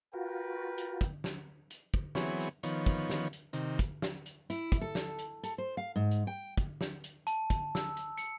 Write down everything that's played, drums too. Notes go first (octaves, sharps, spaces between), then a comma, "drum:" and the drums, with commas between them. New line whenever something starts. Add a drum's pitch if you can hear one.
F4 F#4 A#4 B4 G5
drum: hi-hat
drum: kick, hi-hat
drum: snare
drum: hi-hat
drum: kick
E3 F#3 B3 C4 G#4 C#5, drum: snare
drum: hi-hat
D#3 F3 B3 C#5, drum: hi-hat
drum: kick, hi-hat
drum: snare
drum: hi-hat
C3 D#3, drum: hi-hat
drum: kick, hi-hat
drum: snare
drum: hi-hat
E4, drum: hi-hat
drum: kick, hi-hat
A4
drum: snare
drum: hi-hat
A4, drum: hi-hat
C5
F5
G#2
drum: hi-hat
G5
drum: kick, hi-hat
drum: snare
drum: hi-hat
A5, drum: hi-hat
drum: kick, hi-hat
E6, drum: snare
drum: hi-hat
C#7, drum: hi-hat